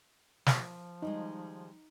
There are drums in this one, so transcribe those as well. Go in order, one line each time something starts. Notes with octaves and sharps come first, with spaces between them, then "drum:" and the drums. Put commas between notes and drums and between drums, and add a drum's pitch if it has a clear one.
F3, drum: snare
D#3 G3 G#3 D#4